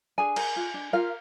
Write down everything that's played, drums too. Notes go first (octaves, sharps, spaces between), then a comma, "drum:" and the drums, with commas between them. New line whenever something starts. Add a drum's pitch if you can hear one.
D4 G#4 G#5
A#4, drum: cymbal
F4
D4
F4 A#4 F5